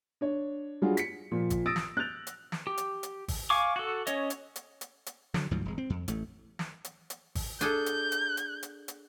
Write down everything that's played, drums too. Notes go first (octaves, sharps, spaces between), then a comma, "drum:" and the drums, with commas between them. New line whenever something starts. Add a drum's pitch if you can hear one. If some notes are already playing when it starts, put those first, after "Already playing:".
D4 C#5
F#3 G3 D4 F4 F#4 G#4
B6 C#7, drum: hi-hat
A#2 F3
drum: kick G#1, hi-hat
D#6 E6 A6 A#6 D7
drum: snare
F#6 G6 A6 F7
drum: hi-hat
drum: snare
G4
drum: hi-hat
drum: hi-hat
drum: kick G#1, open hi-hat
F5 G#5 C#6 D6
F#4 A4
C#4 C#5 D#5, drum: hi-hat
drum: hi-hat
drum: hi-hat
drum: hi-hat
drum: hi-hat
D3 F#3, drum: snare
D2 G#2 F3 F#3
E1 G#3
C4
F2
A1 A3, drum: hi-hat
drum: snare
drum: hi-hat
drum: hi-hat
drum: kick G#1, open hi-hat
D4 G#4 A4 G6, drum: hi-hat
drum: hi-hat
drum: hi-hat
drum: hi-hat
drum: hi-hat
drum: hi-hat